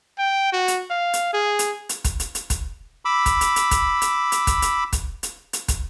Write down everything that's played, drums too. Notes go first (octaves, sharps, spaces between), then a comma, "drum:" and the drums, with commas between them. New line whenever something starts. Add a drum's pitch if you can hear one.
G5
F#4
drum: hi-hat
F5
drum: hi-hat
G#4
drum: hi-hat
drum: hi-hat
drum: kick, hi-hat
drum: hi-hat
drum: hi-hat
drum: kick, hi-hat
B5 D6 E6
drum: kick, hi-hat
drum: hi-hat
drum: hi-hat
drum: kick, hi-hat
drum: hi-hat
drum: hi-hat
drum: kick, hi-hat
drum: hi-hat
drum: kick, hi-hat
drum: hi-hat
drum: hi-hat
drum: kick, hi-hat